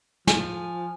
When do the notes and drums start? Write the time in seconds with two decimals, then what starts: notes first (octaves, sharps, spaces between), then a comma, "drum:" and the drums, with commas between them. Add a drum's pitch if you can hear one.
0.27 F3 G#5, drum: snare